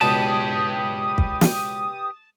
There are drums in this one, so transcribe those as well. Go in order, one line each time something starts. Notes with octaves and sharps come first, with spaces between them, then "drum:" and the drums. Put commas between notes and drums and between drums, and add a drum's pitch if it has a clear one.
C#2 B2 G4 B4 D5 A5 D#6
drum: kick
drum: snare